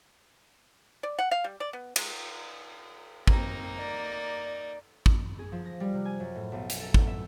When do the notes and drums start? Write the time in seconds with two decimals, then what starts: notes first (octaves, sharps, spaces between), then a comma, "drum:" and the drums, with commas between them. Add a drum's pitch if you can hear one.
1.03 D5
1.19 F#5
1.31 F5
1.44 G3
1.60 D5
1.73 B3
1.96 G#3, drum: cymbal
3.27 A#3 C4 D#4, drum: kick
3.80 D5
5.06 drum: kick
5.39 G#4
5.52 F3
5.66 A#6
5.80 G3
5.94 C3
6.05 G#5
6.20 F#2
6.36 A2
6.52 B1
6.70 drum: hi-hat
6.80 A4
6.94 A2, drum: kick
7.07 E5